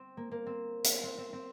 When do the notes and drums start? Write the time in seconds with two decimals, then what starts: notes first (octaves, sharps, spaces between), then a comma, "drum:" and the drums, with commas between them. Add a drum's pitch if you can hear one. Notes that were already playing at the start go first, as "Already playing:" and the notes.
Already playing: C4
0.17 A#3
0.31 A#3
0.46 C4
0.84 drum: hi-hat
1.03 C4
1.18 C4
1.33 C4